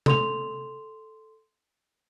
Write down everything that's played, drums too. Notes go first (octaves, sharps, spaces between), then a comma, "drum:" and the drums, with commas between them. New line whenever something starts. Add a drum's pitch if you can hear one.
A4 C6 F7, drum: tom